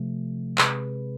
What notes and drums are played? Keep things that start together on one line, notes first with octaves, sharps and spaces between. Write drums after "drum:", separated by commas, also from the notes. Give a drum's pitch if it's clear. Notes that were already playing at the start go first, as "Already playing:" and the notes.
Already playing: C3 F3 A3
C3 G#3 C4 G#4 B4, drum: clap